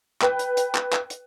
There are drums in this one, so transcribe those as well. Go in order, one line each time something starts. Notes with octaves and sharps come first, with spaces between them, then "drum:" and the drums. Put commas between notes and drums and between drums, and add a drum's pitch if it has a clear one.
B4 G5, drum: clap
drum: hi-hat
drum: hi-hat
drum: clap
drum: clap
drum: hi-hat